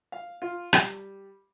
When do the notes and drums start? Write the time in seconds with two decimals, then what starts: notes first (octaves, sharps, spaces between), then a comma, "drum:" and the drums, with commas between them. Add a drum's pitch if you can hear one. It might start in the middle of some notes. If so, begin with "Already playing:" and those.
0.12 F5
0.42 F4
0.73 G3, drum: rim click